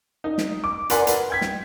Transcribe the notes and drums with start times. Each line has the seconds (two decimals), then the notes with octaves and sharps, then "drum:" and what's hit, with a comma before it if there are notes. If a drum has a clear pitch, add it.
0.24 D#4
0.38 drum: snare
0.64 D6
0.90 A#4 B4 D5 F#5 G#5 C6, drum: hi-hat
1.07 drum: hi-hat
1.30 G5 G#6 B6
1.41 drum: snare